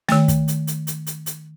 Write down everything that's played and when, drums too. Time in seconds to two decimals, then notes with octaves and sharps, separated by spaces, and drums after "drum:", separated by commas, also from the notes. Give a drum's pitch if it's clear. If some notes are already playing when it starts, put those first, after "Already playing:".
0.09 D#3 A3, drum: snare
0.28 drum: kick, hi-hat
0.48 drum: hi-hat
0.67 drum: hi-hat
0.87 drum: hi-hat
1.07 drum: hi-hat
1.26 drum: hi-hat